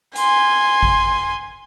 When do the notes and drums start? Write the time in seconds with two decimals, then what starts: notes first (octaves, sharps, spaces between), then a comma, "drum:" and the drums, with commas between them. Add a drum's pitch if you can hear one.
0.16 G#5 C6, drum: hi-hat
0.83 drum: kick G#1